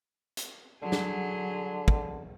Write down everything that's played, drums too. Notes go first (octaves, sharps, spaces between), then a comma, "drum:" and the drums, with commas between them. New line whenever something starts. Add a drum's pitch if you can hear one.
drum: hi-hat
D3 F#3 G#4
drum: snare
drum: kick